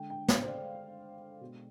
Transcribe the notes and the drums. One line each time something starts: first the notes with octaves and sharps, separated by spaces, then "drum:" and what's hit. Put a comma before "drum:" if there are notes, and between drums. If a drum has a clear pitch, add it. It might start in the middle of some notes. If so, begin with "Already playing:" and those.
Already playing: D3 G#3 G5
G5
F5, drum: snare
C5
D5
B2 G#3